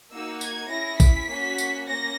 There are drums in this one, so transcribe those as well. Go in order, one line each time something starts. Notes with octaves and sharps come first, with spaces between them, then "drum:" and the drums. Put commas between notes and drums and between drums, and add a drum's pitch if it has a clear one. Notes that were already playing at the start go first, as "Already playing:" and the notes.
A#3 D#4 F#4 E6
G#6, drum: tambourine
C#4 E4 G#4 A#6
B6, drum: kick A1, tambourine
A#3 C#4 F#4
drum: tambourine
A#3 C#4 A#6